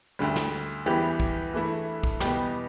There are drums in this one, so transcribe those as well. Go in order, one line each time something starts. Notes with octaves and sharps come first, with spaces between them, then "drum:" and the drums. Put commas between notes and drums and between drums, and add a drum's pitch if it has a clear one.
D2 D3 G3
drum: snare
E2 E3 G3 B3 G4
drum: kick
G2 E3 A3 E4
drum: kick
E2 B2 G3 B3 G4, drum: snare